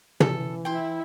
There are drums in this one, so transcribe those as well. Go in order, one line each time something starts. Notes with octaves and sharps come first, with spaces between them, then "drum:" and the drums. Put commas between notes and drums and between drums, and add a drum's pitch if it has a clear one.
E3 A4, drum: tom
E4 G5 C6